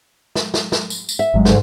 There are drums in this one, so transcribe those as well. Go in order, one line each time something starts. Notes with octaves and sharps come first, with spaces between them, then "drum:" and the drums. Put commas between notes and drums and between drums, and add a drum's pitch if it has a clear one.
drum: snare
drum: snare
drum: snare
drum: tambourine
drum: tambourine
E5
G#1 F#3 G#3
D2 G#2, drum: snare